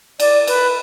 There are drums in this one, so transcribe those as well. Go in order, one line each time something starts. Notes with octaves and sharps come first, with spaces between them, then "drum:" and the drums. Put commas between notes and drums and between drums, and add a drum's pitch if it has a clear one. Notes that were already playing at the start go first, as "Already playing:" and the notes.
D5, drum: cymbal
B4, drum: cymbal